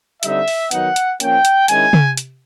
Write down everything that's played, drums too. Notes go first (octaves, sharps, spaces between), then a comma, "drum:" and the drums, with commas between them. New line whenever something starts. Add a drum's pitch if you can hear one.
D3 G3 C4 D#4 E5, drum: hi-hat
drum: open hi-hat
D#3 F#3 B3 D#4 F#5, drum: hi-hat
drum: hi-hat
F3 A#3 C#4 G5, drum: hi-hat
drum: hi-hat
D#3 G#3 C#4 E4 G#5, drum: hi-hat
drum: tom
drum: hi-hat